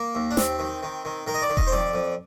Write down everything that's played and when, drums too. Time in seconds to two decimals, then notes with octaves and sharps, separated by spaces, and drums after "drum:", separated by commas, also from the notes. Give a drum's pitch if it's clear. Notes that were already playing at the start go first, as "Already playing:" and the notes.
Already playing: A#3
0.15 D#2
0.31 D4
0.37 D#2 C4, drum: snare
0.59 D#3
0.83 D#3
1.05 D#3
1.27 D#3 A#4
1.34 D#5
1.42 D5
1.50 D#3
1.57 D#5, drum: kick E1
1.67 C5
1.72 F2 D5
1.94 F2